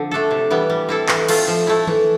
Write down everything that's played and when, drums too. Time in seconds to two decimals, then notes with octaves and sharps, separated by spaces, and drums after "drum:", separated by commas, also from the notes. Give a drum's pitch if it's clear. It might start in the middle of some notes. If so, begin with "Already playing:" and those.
Already playing: D3 F3 C4
0.11 A3 D4 A4
0.31 C3
0.50 E3 G3 B3
0.70 G3
0.89 C4 E4 A4
1.09 E3, drum: clap
1.29 A3 C4 F4, drum: cymbal
1.48 F3
1.67 A3 E4
1.87 E3, drum: tom D#3